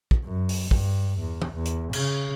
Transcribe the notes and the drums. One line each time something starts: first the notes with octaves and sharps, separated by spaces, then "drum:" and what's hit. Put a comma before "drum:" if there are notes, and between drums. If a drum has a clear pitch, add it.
drum: kick
F#2
drum: open hi-hat
G2, drum: kick
E2
drum: tom
E2
drum: hi-hat
C#3, drum: cymbal